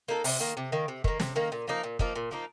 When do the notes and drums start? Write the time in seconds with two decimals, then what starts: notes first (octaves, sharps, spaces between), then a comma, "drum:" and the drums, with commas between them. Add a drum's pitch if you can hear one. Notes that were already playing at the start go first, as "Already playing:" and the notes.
0.08 A#3 D#4 A4
0.24 C3, drum: open hi-hat
0.40 D#3 A#3
0.57 C3
0.72 D#3 A#3
0.88 C3
1.04 D#3 A#3, drum: kick
1.20 C3, drum: snare
1.36 D#3 A#3
1.52 A#2
1.68 F3 A#3 D#4
1.83 A#2
1.99 F3 A#3 D#4, drum: kick
2.16 A#2
2.31 F3 A#3 D#4